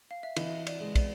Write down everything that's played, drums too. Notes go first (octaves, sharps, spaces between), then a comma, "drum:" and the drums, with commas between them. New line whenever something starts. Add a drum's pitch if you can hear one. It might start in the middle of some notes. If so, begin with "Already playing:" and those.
F5
E5
E3 D#5, drum: cymbal
D5, drum: cymbal
G#3
D5, drum: kick, cymbal